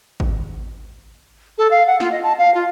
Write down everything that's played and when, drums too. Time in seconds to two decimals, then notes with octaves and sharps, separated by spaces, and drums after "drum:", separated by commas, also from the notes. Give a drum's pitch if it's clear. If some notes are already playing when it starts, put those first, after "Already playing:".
0.20 drum: kick G#1
1.58 A4
1.71 F5
1.87 F#5
2.00 F4, drum: snare
2.12 D#5
2.23 A5
2.38 F5
2.55 F4